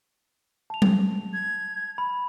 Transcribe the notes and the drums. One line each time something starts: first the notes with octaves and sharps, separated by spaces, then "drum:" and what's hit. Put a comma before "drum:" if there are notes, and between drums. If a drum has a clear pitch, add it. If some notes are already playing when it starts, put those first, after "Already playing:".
A5 F7
drum: tom F#3
G#6
B5